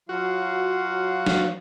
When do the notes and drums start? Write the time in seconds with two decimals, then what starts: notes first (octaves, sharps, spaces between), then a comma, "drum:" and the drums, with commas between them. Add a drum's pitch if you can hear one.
0.09 F#3 F4 F#4 F5
1.27 drum: snare